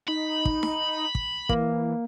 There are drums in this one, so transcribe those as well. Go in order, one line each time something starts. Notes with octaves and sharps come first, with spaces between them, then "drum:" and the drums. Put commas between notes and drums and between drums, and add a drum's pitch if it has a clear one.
D#4 B5
drum: kick
drum: snare D#4
drum: kick
E3 A#3, drum: kick